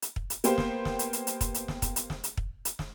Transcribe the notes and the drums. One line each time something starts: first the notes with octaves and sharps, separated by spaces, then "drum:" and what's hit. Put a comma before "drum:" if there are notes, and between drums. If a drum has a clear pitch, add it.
drum: hi-hat
drum: kick
drum: hi-hat
A#3 B3 G4 C5, drum: hi-hat
drum: snare
drum: snare
drum: hi-hat
drum: hi-hat
drum: hi-hat
drum: kick, hi-hat
drum: hi-hat
drum: snare
drum: kick, hi-hat
drum: hi-hat
drum: snare
drum: hi-hat
drum: kick
drum: hi-hat
drum: snare